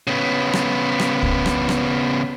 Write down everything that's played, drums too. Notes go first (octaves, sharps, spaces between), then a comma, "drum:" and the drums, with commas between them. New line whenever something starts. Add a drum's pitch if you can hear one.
C#3 B3
drum: rim click
drum: rim click
drum: kick
drum: rim click
drum: rim click